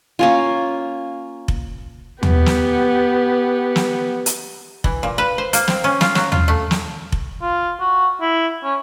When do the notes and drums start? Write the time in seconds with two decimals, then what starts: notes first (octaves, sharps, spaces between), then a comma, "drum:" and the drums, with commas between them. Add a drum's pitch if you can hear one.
0.19 A#3 C#4 F4
1.48 drum: kick F1
2.23 B3 G4, drum: tom
2.46 drum: snare
3.76 drum: snare
4.26 drum: hi-hat
4.84 E3, drum: kick F1
5.03 A#2
5.18 B4
5.38 C5
5.53 A#3, drum: hi-hat
5.68 C4, drum: snare
5.84 C#4
6.01 F4, drum: snare
6.15 F#3, drum: snare
6.32 F4, drum: tom
6.48 A3
6.71 drum: snare
7.12 drum: kick F1
7.42 F4
7.80 F#4
8.21 E4
8.63 C#4